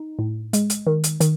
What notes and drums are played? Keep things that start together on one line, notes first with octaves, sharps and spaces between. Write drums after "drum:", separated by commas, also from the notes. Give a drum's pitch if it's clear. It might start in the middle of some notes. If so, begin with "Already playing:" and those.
Already playing: D#4
A2
G#3, drum: hi-hat
drum: hi-hat
D#3
drum: hi-hat
D#3, drum: hi-hat